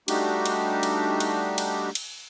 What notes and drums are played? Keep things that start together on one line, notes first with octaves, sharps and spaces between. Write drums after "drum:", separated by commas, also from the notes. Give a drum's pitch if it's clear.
G3 A3 D4 D#4 F#4 G4, drum: cymbal
drum: cymbal
drum: cymbal
drum: cymbal
drum: cymbal
drum: cymbal